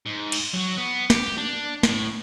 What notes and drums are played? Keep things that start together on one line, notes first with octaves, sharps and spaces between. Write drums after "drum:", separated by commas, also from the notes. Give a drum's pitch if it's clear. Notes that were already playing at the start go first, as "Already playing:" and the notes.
G#2
drum: cymbal
F#3 F#4
B3
G4, drum: snare
D4
A2, drum: snare